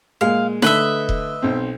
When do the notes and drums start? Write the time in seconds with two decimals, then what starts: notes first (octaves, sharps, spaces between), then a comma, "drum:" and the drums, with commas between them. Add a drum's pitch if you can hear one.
0.21 A#2 G#3 F5
0.62 D3 A3 B4 D#5 E5, drum: snare D#4
1.09 drum: kick E1
1.42 B1 C4